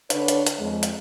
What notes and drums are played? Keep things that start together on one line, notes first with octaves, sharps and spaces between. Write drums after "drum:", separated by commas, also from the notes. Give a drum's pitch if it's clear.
D3 D4 B4 C#5, drum: hi-hat
drum: hi-hat
drum: hi-hat
F2 G#3
drum: hi-hat